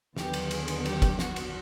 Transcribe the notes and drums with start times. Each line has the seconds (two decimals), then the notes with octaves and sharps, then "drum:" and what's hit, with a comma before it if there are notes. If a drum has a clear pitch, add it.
0.17 D#2 D3 F#3 B3 G4, drum: snare
0.34 drum: cymbal
0.51 G#4, drum: cymbal
0.68 drum: cymbal
0.86 G4, drum: cymbal
1.02 drum: kick, cymbal
1.19 F#4, drum: snare
1.36 drum: cymbal